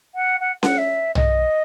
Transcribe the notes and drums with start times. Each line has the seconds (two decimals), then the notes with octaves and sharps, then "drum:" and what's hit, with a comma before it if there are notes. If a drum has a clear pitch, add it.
0.15 F#5
0.40 F#5
0.63 F#5, drum: snare C#4
0.78 E5
1.15 D#5, drum: tom B1